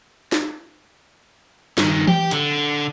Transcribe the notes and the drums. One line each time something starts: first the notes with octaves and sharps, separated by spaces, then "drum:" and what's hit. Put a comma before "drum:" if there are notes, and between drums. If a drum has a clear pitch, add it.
drum: snare
G2 D#3, drum: snare
G4 G5, drum: tom E3
D3, drum: hi-hat